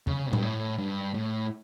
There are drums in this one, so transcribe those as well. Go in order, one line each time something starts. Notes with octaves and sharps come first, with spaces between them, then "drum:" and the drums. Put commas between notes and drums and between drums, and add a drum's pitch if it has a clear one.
C#3, drum: tom E2
G2, drum: tom A2
A2
G2
A2